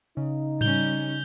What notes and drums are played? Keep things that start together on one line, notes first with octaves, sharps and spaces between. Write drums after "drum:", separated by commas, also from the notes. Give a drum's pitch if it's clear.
C#3 D#4
G3 C#4 G6 F7 G7, drum: tom G#2